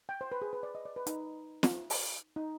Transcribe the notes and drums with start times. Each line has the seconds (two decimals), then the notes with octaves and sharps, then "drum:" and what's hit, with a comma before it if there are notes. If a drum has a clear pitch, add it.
0.09 G5
0.21 C5
0.32 B4
0.42 G#4
0.53 B4
0.63 D5
0.75 D#5
0.85 D5
0.96 B4
1.07 D#4, drum: hi-hat
1.63 drum: snare
1.90 drum: open hi-hat
2.36 D#4